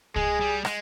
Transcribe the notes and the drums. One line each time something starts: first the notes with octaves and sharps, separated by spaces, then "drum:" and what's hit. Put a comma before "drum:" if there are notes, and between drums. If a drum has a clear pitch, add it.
G#3 G#4, drum: kick C2
G3
G#3, drum: rim click